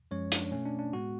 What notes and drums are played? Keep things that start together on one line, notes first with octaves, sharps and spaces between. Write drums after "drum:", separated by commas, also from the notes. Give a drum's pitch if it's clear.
F#2 F3 G#3 C#4 C#5
D4, drum: hi-hat
B2 A3 C#4
D4
D4
A2 G#3 B3 F#4